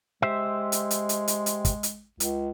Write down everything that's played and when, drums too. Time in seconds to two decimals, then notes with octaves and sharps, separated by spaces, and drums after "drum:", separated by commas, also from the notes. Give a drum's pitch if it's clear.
0.22 G#3 G4 C5 E5
0.72 drum: hi-hat
0.91 drum: hi-hat
1.09 drum: hi-hat
1.28 drum: hi-hat
1.46 drum: hi-hat
1.65 drum: kick, hi-hat
1.83 drum: hi-hat
2.20 C#2, drum: hi-hat